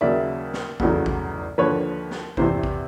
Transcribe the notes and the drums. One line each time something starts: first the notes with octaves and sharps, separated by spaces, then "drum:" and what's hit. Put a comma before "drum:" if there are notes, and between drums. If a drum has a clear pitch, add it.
D#2 C#3 F#3 D5 E5
drum: snare
F1 E2 C#3 F#3, drum: kick A1
drum: kick A1
D#2 D3 F3 B4 C#5
drum: snare
E2 C3 E3 C5, drum: kick A1
drum: kick A1